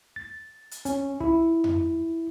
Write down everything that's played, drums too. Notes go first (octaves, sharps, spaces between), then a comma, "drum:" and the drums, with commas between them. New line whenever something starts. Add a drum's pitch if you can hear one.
A6
drum: hi-hat
C#4, drum: hi-hat
E4, drum: kick
drum: tom F2